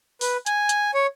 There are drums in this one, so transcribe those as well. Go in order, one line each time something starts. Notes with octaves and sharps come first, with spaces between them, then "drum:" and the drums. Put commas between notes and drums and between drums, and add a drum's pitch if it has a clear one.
B4, drum: open hi-hat
G#5, drum: hi-hat
drum: hi-hat
C#5